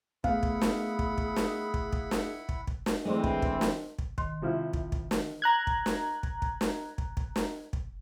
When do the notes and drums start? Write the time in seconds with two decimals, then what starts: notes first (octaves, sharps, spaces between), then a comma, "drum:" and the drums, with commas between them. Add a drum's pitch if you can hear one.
0.24 A3 B3 E4 G#4 F5 F#5 B5, drum: kick
0.43 drum: kick
0.61 drum: snare
0.99 drum: kick
1.18 drum: kick
1.36 drum: snare
1.74 drum: kick
1.93 drum: kick
2.11 drum: snare
2.49 drum: kick
2.67 drum: kick
2.86 drum: snare
3.05 E3 G#3 A3 C4 D4
3.24 drum: kick
3.42 drum: kick
3.61 drum: snare
3.99 drum: kick
4.18 D#3 C6, drum: kick
4.42 C3 F3 E4
4.73 drum: kick
4.92 drum: kick
5.11 drum: snare
5.42 A#5 F#6 G#6
5.67 drum: kick
5.86 drum: snare
6.23 drum: kick
6.42 drum: kick
6.61 drum: snare
6.98 drum: kick
7.17 drum: kick
7.36 drum: snare
7.73 drum: kick